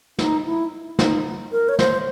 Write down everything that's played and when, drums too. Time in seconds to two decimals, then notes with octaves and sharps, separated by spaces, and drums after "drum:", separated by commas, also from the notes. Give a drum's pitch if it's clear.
0.19 D#4, drum: snare
0.46 E4
0.99 D#4, drum: snare
1.52 A#4
1.69 C#5
1.79 C5, drum: snare